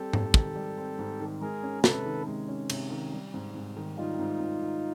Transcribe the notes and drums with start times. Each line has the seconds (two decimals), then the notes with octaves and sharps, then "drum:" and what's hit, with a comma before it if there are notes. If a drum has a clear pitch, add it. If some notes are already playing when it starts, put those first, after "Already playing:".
Already playing: G3 C4 G4 A4
0.13 G#2, drum: tom G#2
0.34 D#3, drum: kick
0.55 G3
0.78 C4
0.99 G#2
1.20 D#3
1.41 G#3 G#4 A#4
1.63 C#4
1.84 C3 A4 B4, drum: snare
2.06 D#3
2.27 G#3
2.48 C#4
2.70 C3, drum: cymbal
2.90 D#3
3.12 G3
3.34 G#2
3.55 G#2
3.77 D#3
3.98 G3 D#4 F4
4.19 G#2
4.40 G#2
4.61 D#3